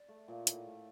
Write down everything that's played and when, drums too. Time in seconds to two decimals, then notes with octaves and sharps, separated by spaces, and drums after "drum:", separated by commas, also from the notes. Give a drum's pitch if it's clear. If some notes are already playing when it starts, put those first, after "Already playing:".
Already playing: D5
0.08 A3
0.28 A#2
0.47 A2, drum: hi-hat
0.66 A3